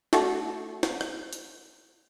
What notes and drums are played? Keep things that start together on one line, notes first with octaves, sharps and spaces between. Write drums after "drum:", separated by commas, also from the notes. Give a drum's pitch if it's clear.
A3 D4 F#4 A4, drum: snare
drum: snare
drum: rim click
drum: hi-hat